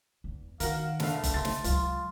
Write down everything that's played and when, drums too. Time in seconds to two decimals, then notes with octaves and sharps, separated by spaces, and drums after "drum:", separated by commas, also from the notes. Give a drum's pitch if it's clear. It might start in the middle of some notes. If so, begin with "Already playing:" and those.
0.24 E2
0.60 D#3 F#4 A#4 F5, drum: hi-hat
1.00 E1 D3 A3 F5, drum: snare
1.23 drum: kick F#1, hi-hat
1.34 C3 C6 A6
1.45 drum: snare
1.64 C#2 C3 F#3 F4, drum: hi-hat